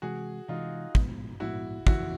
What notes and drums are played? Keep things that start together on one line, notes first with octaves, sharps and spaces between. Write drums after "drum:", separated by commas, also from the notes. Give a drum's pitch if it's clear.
C3 E3 G#3 F#4 G#4
C3 E3 G#3 D#4 F4
A2 F3 G#3 B3, drum: kick
A2 F3 G#3 B3 E4 F#4
F2 C#3 E3 E4 F#4, drum: kick